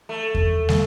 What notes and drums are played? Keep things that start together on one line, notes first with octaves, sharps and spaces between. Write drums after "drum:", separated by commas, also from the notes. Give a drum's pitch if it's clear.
A3
drum: kick E2
drum: snare